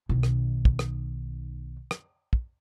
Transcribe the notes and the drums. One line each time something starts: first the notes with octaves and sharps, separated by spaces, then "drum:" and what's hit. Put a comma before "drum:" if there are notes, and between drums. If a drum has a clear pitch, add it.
B1 D#3
drum: rim click
drum: kick
drum: rim click
drum: rim click
drum: kick